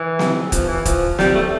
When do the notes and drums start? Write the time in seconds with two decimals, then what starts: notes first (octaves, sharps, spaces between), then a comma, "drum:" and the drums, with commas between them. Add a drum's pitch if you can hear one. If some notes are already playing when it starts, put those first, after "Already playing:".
Already playing: E3
0.19 drum: snare
0.52 F3, drum: kick, hi-hat
0.68 E3
0.85 F3, drum: kick, hi-hat
1.19 G3, drum: snare
1.35 A3